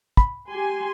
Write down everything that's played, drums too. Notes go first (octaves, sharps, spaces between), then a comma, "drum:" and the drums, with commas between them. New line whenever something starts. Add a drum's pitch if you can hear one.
B5, drum: kick
G4 G#5 C6